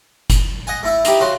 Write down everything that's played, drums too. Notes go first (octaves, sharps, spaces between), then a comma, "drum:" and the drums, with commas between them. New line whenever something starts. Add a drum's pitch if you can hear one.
drum: kick F#1, hi-hat
D#5 F#5 G#5
A3 E4 E5
D#4 E4 G4, drum: hi-hat
C#3 F#4 C6